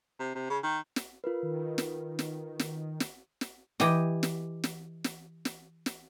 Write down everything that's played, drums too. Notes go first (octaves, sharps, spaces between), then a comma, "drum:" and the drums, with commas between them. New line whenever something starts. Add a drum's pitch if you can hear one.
C3
C3
C#3
D#3
drum: snare
F4 A#4 B4
D#3
drum: snare
drum: snare
drum: snare
drum: snare
drum: snare
E3 G4 D#5, drum: snare
drum: snare
drum: snare
drum: snare
drum: snare
drum: snare